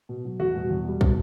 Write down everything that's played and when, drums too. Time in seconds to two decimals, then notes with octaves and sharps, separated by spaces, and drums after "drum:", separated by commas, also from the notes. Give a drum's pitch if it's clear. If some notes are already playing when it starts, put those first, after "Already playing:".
0.09 B2
0.25 F#3
0.40 E2 F#4
0.55 B2 G3
0.70 E2
0.85 B2 G3
1.01 B2, drum: kick